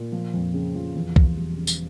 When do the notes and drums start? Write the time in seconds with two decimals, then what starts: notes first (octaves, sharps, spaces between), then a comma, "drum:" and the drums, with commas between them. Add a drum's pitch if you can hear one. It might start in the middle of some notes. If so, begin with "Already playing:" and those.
Already playing: A#2
0.12 F3
0.34 F2
0.54 C#3
0.75 F3
0.95 E2
1.16 E1, drum: kick
1.36 G3
1.57 C#3
1.67 drum: tambourine